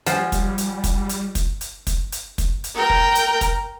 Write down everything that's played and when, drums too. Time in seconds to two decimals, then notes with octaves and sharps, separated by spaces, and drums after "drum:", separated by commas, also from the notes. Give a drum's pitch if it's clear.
0.06 F3 G3 F#5 G#5, drum: hi-hat
0.32 drum: kick, hi-hat
0.58 drum: hi-hat
0.84 drum: kick, hi-hat
1.09 drum: hi-hat
1.35 drum: kick, hi-hat
1.61 drum: hi-hat
1.87 drum: kick, hi-hat
2.12 drum: hi-hat
2.38 drum: kick, hi-hat
2.64 drum: hi-hat
2.76 A#4 G5
2.90 drum: kick
3.15 drum: hi-hat
3.41 drum: kick, hi-hat